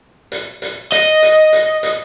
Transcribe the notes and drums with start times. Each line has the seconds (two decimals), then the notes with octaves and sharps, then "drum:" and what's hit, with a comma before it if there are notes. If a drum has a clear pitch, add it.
0.32 drum: hi-hat
0.62 drum: hi-hat
0.92 D#5, drum: hi-hat
1.22 drum: hi-hat
1.53 drum: hi-hat
1.83 drum: hi-hat